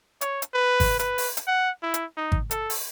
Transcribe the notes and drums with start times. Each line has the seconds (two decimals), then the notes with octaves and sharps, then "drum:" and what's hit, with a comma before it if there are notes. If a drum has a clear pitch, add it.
0.21 C#5, drum: hi-hat
0.42 drum: hi-hat
0.54 B4
0.80 drum: kick G#1, open hi-hat
0.99 B4, drum: hi-hat
1.18 drum: open hi-hat
1.37 drum: hi-hat
1.47 F#5
1.83 E4
1.94 drum: hi-hat
2.17 D#4
2.32 drum: kick G#1
2.51 A4, drum: hi-hat
2.70 drum: open hi-hat